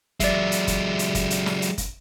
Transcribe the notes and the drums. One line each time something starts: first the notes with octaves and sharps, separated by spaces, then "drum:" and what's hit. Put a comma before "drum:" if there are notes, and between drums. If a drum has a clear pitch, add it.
F#3 G#3 D5 E5, drum: kick, hi-hat
drum: hi-hat
drum: kick, hi-hat
drum: hi-hat
drum: kick, hi-hat
drum: hi-hat
drum: snare
drum: hi-hat
drum: kick, hi-hat